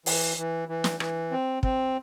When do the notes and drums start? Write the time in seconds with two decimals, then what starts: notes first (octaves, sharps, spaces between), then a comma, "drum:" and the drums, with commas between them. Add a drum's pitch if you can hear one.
0.06 E3, drum: open hi-hat
0.37 E3
0.69 E3
0.84 drum: snare
1.00 E3, drum: rim click
1.31 C4
1.63 C4, drum: kick